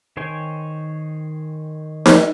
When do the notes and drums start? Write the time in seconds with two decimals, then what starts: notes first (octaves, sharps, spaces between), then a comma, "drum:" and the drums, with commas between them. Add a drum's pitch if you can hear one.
0.17 D#3 C5 C#5 G5 G#5
2.06 drum: snare D#4